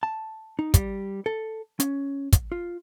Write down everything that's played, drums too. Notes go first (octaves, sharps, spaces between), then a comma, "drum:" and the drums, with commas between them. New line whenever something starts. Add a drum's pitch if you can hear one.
A5
D#4
G3, drum: kick, hi-hat
A4
C#4, drum: hi-hat
drum: kick, hi-hat
F4